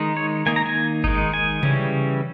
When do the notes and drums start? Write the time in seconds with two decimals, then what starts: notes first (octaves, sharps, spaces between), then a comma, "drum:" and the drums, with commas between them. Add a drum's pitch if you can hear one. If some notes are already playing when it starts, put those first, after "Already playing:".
Already playing: D#3 G#3 D#4
0.17 C#5
0.46 D#3 A#3 D#4 G#5
0.56 A#5
0.66 G#5
1.04 D#3 G#3 D#4, drum: kick G1
1.34 G#5
1.63 C#3 E3 G3 C#4, drum: tom C3